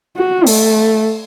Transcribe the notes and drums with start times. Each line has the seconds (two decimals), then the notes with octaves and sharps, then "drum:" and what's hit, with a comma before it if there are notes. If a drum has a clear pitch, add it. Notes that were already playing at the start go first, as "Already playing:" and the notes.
0.17 F#4
0.46 A3, drum: open hi-hat